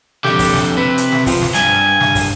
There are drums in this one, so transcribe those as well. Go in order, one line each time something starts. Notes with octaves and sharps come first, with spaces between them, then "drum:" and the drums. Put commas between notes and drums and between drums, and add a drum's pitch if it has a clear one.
F2 D3 G4, drum: snare
drum: kick, open hi-hat
drum: snare
C3 B4
drum: hi-hat
drum: snare
F3, drum: kick, open hi-hat
drum: snare
G2 G#5, drum: hi-hat
drum: snare
drum: kick, open hi-hat